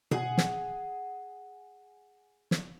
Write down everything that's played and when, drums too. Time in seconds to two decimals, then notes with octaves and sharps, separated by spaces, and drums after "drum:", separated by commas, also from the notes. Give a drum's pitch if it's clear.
0.11 G#4 F#5, drum: tom B2
0.38 drum: snare
2.51 drum: snare